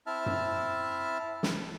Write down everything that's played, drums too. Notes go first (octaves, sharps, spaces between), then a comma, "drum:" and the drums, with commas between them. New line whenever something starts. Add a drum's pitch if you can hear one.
C4 E4 E5 A5 F6
drum: tom F#2
drum: snare